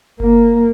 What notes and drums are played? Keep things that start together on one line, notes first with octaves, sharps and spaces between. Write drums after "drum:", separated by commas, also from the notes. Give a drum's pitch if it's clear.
A#3, drum: kick F#1